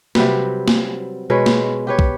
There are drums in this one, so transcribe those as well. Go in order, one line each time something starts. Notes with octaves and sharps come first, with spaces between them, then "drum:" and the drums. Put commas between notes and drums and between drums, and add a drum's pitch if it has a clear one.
C3 F#3 G3 B4, drum: snare
drum: snare
B2 G#3 B4 C#5
drum: snare
G4 B4 C#5
drum: kick